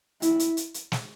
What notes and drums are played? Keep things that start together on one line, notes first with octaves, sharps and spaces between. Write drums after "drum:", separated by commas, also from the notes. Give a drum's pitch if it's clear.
E4, drum: hi-hat
drum: hi-hat
drum: hi-hat
drum: hi-hat
drum: snare